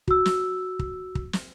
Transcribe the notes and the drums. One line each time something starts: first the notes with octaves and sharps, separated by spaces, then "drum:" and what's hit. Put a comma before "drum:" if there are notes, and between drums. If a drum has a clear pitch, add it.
F#4 E6, drum: kick
drum: snare
drum: kick
drum: kick
drum: snare